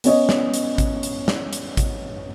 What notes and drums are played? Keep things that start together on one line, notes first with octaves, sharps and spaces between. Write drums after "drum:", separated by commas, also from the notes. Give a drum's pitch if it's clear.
B3 C#4 C#5 D#5, drum: hi-hat
drum: snare
drum: hi-hat
drum: kick A1, hi-hat
drum: hi-hat
drum: snare
drum: hi-hat
drum: kick A1, hi-hat